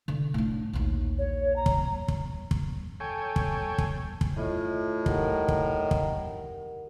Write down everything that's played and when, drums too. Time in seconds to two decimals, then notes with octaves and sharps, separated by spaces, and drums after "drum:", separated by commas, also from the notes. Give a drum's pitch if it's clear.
0.08 D3
0.34 A2 D4
0.73 A#1 D#2
1.19 C#5
1.56 A#5
1.66 drum: kick
2.08 drum: kick
2.51 drum: kick
3.00 A4 C#5 G5 G#5
3.36 drum: kick
3.78 drum: kick
4.21 drum: kick
4.36 A2 F4 D#5
5.06 D#3 G4 A#4 F#5, drum: kick
5.48 drum: kick
5.91 drum: kick